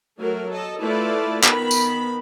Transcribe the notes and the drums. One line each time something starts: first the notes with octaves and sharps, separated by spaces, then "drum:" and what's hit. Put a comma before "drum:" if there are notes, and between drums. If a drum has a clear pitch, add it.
F#3 A3 A#4
A4 D#5
A3 E4 F4 A4 B4 D5
D#3 B3 B5, drum: clap
drum: tambourine